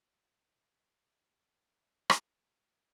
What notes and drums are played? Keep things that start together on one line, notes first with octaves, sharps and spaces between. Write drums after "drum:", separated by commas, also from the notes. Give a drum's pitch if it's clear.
D5 C#6
drum: rim click